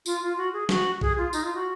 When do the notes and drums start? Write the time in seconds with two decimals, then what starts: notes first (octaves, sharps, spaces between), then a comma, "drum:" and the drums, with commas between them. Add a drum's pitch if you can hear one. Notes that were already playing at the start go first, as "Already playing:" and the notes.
0.06 F4, drum: tambourine
0.22 F4
0.38 F#4
0.53 G#4
0.69 F#4, drum: snare
1.01 G#4, drum: kick A#1
1.18 F4
1.33 D#4, drum: tambourine
1.43 F4
1.54 F#4